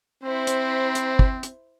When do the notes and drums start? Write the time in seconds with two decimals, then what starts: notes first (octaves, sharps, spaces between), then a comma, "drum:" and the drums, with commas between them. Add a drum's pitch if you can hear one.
0.23 C4 E4 C5
0.47 drum: hi-hat
0.95 drum: hi-hat
1.19 drum: kick
1.43 drum: hi-hat